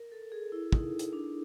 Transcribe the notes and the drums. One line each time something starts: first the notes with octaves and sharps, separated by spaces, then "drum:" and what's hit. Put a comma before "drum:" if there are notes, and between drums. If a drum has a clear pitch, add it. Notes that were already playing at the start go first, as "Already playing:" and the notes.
Already playing: A#4
A4
G#4
E4
D#4, drum: kick
drum: hi-hat
D4